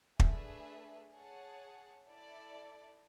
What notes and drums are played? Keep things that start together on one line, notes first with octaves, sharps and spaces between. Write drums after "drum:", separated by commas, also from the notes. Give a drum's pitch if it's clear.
A3 D4 G#4 B4 E5, drum: kick
G#4 C#5 F#5 A5
E4 A4 D5